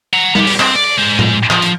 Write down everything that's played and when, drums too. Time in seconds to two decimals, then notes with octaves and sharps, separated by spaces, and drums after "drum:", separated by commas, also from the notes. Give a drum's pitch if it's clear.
0.13 F#5 A#5
0.35 B3 G4, drum: tom G3
0.47 drum: open hi-hat
0.60 C4, drum: clap
0.76 D5
0.98 G#3 C5
1.19 drum: tom A2
1.50 F3, drum: clap
1.62 drum: hi-hat